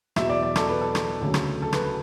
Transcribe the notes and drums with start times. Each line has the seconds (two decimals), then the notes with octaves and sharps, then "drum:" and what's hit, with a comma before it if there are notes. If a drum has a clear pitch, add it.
0.16 E2 B2 F#3 E5, drum: rim click
0.29 D5
0.42 D5
0.56 A4, drum: rim click
0.69 B4
0.81 A4
0.95 drum: rim click
1.21 D2 C#3 F#3
1.34 drum: rim click
1.62 A4
1.73 B4, drum: rim click